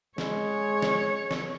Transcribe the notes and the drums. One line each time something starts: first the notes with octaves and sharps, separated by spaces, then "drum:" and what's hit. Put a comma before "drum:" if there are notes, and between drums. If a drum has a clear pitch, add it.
G#3 C#5, drum: snare
drum: snare
drum: snare